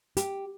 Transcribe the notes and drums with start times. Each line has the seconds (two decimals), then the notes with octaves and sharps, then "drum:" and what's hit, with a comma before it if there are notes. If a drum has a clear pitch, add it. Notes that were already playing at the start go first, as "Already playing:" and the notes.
0.17 G4, drum: hi-hat